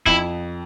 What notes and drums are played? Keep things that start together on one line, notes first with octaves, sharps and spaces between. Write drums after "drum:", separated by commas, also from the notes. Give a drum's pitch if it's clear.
F2 E4, drum: kick